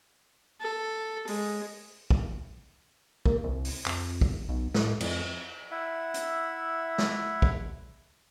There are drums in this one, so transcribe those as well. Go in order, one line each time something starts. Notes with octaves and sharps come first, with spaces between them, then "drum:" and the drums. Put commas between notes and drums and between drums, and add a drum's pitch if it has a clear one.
A4
G#3, drum: open hi-hat
drum: kick
A#3, drum: kick
C2
drum: open hi-hat
F2, drum: clap
drum: kick
B1
A2, drum: snare
F2, drum: cymbal
E4 E5 F#5
drum: hi-hat
drum: snare
drum: kick